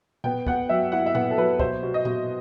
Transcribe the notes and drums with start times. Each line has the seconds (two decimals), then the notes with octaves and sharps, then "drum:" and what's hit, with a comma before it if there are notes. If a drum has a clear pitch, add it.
0.24 B3 G5, drum: tom A#2
0.47 B3 F#5, drum: kick
0.69 F#3 E5
0.92 E4 F#5
1.06 E5
1.15 B3 F#5, drum: tom A#2
1.31 A4
1.38 F#3 B4
1.60 B2 C5, drum: kick
1.83 B2
1.94 D#5
2.05 B2, drum: tom A#2